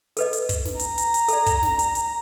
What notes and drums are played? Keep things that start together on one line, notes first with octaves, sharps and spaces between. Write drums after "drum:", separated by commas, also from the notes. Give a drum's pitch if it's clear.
A4 B4 D#5, drum: hi-hat
drum: hi-hat
drum: kick, hi-hat
drum: snare
A#5, drum: hi-hat
drum: hi-hat
drum: hi-hat
A4 D5, drum: hi-hat
drum: kick, hi-hat
drum: snare
drum: hi-hat
drum: hi-hat